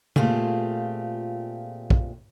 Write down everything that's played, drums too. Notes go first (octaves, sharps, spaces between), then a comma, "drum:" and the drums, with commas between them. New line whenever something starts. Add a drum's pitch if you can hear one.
A#2 A3 C4 F4 G4 G#4, drum: tom C#3
drum: kick